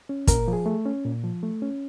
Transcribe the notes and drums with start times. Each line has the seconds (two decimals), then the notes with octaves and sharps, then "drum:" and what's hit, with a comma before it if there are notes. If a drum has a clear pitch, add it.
0.09 C#4
0.27 A#2 A#4, drum: kick, hi-hat
0.48 F3
0.53 G#4
0.66 A3
0.86 C#4
1.04 A#2
1.24 F3
1.43 A3
1.62 C#4